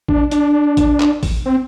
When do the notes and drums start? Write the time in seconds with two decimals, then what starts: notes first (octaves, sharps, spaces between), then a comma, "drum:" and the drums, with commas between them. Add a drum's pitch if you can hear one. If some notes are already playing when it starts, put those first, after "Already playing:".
0.08 D4, drum: kick A1
0.31 D4, drum: hi-hat
0.77 drum: kick A1, hi-hat
1.00 drum: clap
1.23 drum: kick A1, open hi-hat
1.46 C4